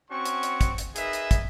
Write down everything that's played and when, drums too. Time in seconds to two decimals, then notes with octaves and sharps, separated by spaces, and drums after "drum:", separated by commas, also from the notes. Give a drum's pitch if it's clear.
0.11 C4 C#4 F#4 C#6
0.26 drum: hi-hat
0.43 drum: hi-hat
0.61 drum: kick, hi-hat
0.78 drum: hi-hat
0.96 D#4 G#4 A#4 B4 D#5 E5, drum: hi-hat
1.13 drum: hi-hat
1.31 drum: kick, hi-hat